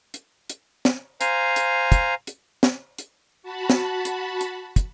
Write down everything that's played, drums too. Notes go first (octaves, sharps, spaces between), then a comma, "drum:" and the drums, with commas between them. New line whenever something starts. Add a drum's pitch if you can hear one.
drum: hi-hat
drum: hi-hat
drum: snare
C5 F5 G#5 A#5, drum: hi-hat
drum: hi-hat
drum: kick, hi-hat
drum: hi-hat
drum: snare
drum: hi-hat
F#4 A5 B5
drum: snare
drum: hi-hat
drum: hi-hat
drum: kick, hi-hat